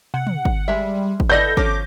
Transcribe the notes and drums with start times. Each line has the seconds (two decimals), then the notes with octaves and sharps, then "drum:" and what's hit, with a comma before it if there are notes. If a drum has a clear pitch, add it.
0.14 C3 F#5
0.27 drum: tom
0.45 drum: kick
0.68 G3 G#3 E5
1.20 drum: kick
1.30 E4 A4 B4 D5 D#5 F#5 G6 A#6
1.57 F3 C#4 A4 D6, drum: kick